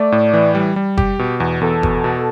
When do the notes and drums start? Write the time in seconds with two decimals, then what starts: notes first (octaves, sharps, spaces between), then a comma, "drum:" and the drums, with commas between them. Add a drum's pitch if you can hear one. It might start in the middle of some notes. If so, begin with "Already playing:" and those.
Already playing: A3 D5
0.12 A2
0.34 E3
0.55 G3
0.76 G3
0.98 G4, drum: kick F#1
1.19 B2
1.40 E2
1.61 E2 A4
1.83 B2, drum: kick F#1
2.04 B2